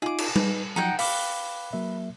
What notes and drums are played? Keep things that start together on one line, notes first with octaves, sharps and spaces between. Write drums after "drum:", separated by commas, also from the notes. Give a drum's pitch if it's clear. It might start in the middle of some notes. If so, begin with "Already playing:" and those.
D#4 F4 G#4 D6
drum: cymbal
D#4 B4, drum: tom G3
F3 F#3 D#4 F#5 G5
B4 F5 G5 D6, drum: open hi-hat
F#3 A#3 E5